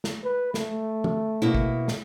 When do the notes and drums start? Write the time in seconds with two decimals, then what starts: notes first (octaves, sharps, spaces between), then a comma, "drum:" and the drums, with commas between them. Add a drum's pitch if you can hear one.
0.04 drum: snare
0.24 B4
0.54 A3, drum: snare
1.04 drum: tom E3
1.42 B2 A#3 E4
1.54 drum: kick
1.88 drum: snare